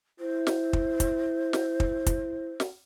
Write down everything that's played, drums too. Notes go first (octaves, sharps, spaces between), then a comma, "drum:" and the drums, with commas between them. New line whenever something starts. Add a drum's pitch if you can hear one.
E4 C5
drum: snare
drum: kick
drum: kick, hi-hat
drum: snare
drum: kick
drum: kick, hi-hat
drum: snare